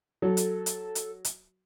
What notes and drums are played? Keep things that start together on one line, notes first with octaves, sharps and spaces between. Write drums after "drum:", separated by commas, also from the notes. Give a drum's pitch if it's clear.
F#3 A4
drum: hi-hat
drum: hi-hat
drum: hi-hat
drum: hi-hat